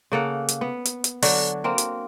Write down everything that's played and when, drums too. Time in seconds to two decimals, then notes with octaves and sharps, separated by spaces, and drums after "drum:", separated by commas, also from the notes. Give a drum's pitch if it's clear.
0.12 C#3 A#3 A4 F#5
0.48 drum: hi-hat
0.61 B3
0.85 drum: hi-hat
1.04 drum: hi-hat
1.22 D3 F#3 D4 F#4, drum: open hi-hat
1.64 A#3 C4 A#4
1.78 drum: hi-hat